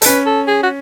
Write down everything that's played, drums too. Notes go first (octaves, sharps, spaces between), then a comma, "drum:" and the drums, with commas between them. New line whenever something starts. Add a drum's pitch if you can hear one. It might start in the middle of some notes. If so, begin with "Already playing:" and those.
A4, drum: hi-hat
C#4 B4
A4
G#4
F#4